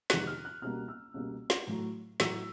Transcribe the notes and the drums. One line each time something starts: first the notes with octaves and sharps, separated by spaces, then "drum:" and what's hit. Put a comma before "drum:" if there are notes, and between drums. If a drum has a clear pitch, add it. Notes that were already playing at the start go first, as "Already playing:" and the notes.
F2 C3 D#3 G#3 F#6, drum: snare
F6
F#6
C#2 B2 G3 A#3 F6
E6
C#2 B2 G3 A#3
drum: snare
A2 F#3 A3
A2 F#3 A3 E6, drum: snare